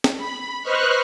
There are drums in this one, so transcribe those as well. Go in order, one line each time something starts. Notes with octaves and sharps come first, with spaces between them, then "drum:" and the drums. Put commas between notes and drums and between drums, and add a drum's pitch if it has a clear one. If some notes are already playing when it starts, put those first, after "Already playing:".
drum: snare
B5
B4 C5 D#5 C#6 F6 F#6